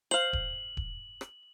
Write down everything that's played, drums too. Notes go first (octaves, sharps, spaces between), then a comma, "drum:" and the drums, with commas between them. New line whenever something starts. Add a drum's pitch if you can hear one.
C5 F5 F#7
drum: kick D#1
drum: kick D#1
drum: rim click